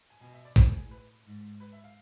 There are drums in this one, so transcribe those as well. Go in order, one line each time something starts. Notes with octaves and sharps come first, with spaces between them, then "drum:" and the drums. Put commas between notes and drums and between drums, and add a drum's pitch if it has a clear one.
G#5
B2 G#5
E5
D5
A2 C5, drum: kick A1
G#4
B4
G#2
B4
E5
F5